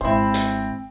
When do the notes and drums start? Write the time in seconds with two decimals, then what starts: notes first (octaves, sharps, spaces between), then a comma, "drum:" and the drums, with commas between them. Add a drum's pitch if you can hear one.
0.01 G#1 C4 E4 C5
0.34 drum: hi-hat